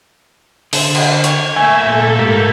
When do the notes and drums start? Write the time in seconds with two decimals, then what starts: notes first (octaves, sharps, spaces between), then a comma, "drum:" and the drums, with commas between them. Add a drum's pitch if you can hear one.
0.73 D3 C5, drum: open hi-hat
0.95 drum: cymbal
1.24 C#5, drum: hi-hat
1.56 A3 A#3 E5 G#5
1.86 A#2 A4
2.19 G#2 G4 A#4